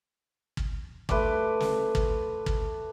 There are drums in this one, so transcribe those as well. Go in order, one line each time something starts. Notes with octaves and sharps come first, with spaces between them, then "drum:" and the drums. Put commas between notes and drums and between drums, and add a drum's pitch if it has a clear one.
drum: kick
A3 B4 C6 D6, drum: kick
drum: snare
drum: kick
drum: kick